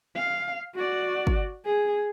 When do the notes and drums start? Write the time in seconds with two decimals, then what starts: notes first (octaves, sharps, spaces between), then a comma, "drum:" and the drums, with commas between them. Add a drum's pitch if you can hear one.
0.16 F5
0.75 F#4 D5
1.27 drum: kick
1.66 G#4